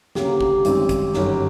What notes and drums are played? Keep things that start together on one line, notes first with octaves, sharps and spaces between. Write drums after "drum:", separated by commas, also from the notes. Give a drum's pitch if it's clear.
D2 C#3 F#3 A#3 G4, drum: snare
G4, drum: kick
G#1 F#2 D#3 G3 C4, drum: hi-hat
drum: kick, hi-hat
G1 F#2 D#3 F#3, drum: snare